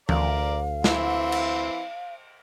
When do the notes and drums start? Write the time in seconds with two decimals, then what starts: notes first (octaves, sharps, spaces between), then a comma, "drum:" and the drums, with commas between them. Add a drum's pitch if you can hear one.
0.09 D2 A#4 D5 F5, drum: tom E3
0.84 E3 C4 E4, drum: snare
1.32 drum: cymbal